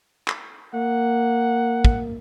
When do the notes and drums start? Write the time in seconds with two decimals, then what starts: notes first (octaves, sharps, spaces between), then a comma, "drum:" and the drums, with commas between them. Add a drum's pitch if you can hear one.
0.28 drum: clap
0.74 A#3 F#5
1.85 drum: kick